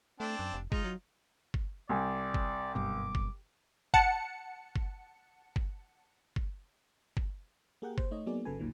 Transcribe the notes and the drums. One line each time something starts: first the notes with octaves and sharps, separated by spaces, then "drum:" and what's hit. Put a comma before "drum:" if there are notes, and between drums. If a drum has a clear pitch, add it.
A3 C4 D4
F#2
F1
G#3 D#4 F4, drum: kick G1
F#3
drum: kick G1
C2 D5 G#5
drum: kick G1
F#1 G2 B2 D6
drum: kick G1
F#5 A5 C#7, drum: kick G1
drum: kick G1
drum: kick G1
drum: kick G1
drum: kick G1
A#3 G4 G#4 A#4 F#5 G5
C5, drum: kick G1
A3 D#4 C#5 D#5
F#3 A#3 B3 D#4 G#4 D5
G1 C#3 F#3 A4 B4 G#5
G#1 D2 A#2 D#3 F#3